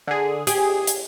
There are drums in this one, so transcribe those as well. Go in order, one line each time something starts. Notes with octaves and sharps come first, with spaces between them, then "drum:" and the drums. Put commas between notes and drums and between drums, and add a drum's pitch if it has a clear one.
D3 G#4
G4 G#4, drum: hi-hat
drum: hi-hat